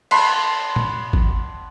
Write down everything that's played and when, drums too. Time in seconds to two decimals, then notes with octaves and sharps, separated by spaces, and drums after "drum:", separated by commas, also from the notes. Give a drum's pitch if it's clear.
0.11 F#5 A5 B5 C6, drum: cymbal
0.76 drum: tom A#2
1.13 drum: kick